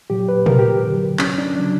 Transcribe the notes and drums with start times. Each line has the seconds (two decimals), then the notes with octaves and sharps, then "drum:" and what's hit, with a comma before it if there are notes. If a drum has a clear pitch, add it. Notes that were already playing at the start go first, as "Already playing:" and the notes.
0.10 A#2 F#3 G4
0.29 B4
0.46 A#4, drum: tom A#2
0.59 G4
0.83 G2 D3 F#3
1.19 C#4, drum: clap
1.38 D4
1.56 C#3 F#3 D4